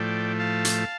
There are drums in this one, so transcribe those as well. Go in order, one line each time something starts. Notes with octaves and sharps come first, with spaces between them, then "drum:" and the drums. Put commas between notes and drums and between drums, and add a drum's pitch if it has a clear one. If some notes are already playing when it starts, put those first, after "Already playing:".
Already playing: A2 F3 A3 D5 G5
F5 A5
drum: hi-hat